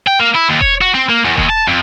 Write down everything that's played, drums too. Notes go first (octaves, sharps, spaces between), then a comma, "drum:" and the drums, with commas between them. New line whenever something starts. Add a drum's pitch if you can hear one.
G5
A#3
E4
D#2
C#5, drum: kick E1
F#4
C4
A#3
E2
D#2, drum: kick E1
A5
F2